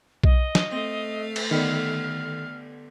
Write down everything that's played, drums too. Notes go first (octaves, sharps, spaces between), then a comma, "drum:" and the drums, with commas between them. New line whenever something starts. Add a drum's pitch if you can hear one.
D#5, drum: kick B1
drum: snare
A3 C4 F5
drum: cymbal
D3 D#3 G3 B3 F6